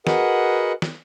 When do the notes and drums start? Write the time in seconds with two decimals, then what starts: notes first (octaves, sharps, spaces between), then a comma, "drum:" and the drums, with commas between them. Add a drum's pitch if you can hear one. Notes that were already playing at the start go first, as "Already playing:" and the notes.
0.07 F#4 G#4 A#4 B4 D#5 F#5, drum: snare
0.82 drum: snare